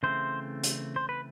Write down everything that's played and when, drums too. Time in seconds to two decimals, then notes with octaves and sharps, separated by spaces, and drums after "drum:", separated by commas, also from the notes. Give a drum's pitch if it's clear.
0.03 C#3 E3 A3 C4 C5
0.63 drum: hi-hat
0.96 C5
1.09 B4